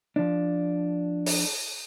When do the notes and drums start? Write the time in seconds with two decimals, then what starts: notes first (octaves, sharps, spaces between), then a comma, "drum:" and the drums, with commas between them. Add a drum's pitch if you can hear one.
0.16 F3 D4
1.26 drum: open hi-hat